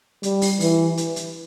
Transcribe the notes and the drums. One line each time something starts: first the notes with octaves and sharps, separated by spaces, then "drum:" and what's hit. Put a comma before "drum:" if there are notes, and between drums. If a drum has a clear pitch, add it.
G3, drum: hi-hat
drum: open hi-hat
E3, drum: open hi-hat
drum: hi-hat
drum: hi-hat